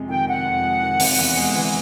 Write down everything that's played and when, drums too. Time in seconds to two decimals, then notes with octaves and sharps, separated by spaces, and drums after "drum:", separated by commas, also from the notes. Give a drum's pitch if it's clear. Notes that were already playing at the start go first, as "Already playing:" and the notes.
Already playing: F2 C3 G#3
0.09 D#3 G5
0.27 C3 F#5
0.45 F2
0.63 G#3
0.82 D#3
1.00 C3, drum: open hi-hat
1.19 E2
1.37 G#3
1.55 E3